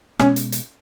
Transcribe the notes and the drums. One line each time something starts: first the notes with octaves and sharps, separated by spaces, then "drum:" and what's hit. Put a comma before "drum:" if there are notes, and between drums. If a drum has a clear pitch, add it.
B2 G#3 B3 C#4, drum: rim click
drum: hi-hat
drum: hi-hat